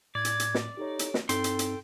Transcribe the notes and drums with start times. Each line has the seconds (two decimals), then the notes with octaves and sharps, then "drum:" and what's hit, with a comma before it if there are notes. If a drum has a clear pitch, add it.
0.15 A2 D5 G#6
0.25 drum: hi-hat
0.40 drum: hi-hat
0.54 drum: snare
0.77 D#4 G4 A4 C#5
0.99 drum: hi-hat
1.14 drum: snare
1.29 G2 C4 D#4 A4 G5 C6, drum: hi-hat
1.44 drum: hi-hat
1.59 drum: hi-hat